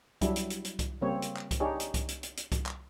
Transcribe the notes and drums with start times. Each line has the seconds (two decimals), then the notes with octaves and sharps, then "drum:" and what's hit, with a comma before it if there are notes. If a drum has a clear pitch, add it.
0.21 F#3 G3 D4 E4, drum: kick C2, hi-hat
0.36 drum: hi-hat
0.50 drum: hi-hat
0.65 drum: hi-hat
0.79 drum: kick C2, hi-hat
1.01 C#3 G3 A#3 C4 C#5
1.22 drum: hi-hat
1.37 drum: clap
1.51 drum: kick C2, hi-hat
1.60 D4 D#4 G4 G#4 C#5
1.80 drum: hi-hat
1.94 drum: kick C2, hi-hat
2.09 drum: hi-hat
2.23 drum: hi-hat
2.37 drum: hi-hat
2.52 drum: kick C2, hi-hat
2.66 drum: clap